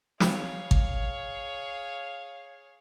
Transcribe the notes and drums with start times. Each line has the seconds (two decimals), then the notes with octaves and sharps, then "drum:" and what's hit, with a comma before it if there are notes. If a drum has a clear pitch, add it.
0.20 G#4 C#5 F5, drum: snare
0.71 drum: kick G#1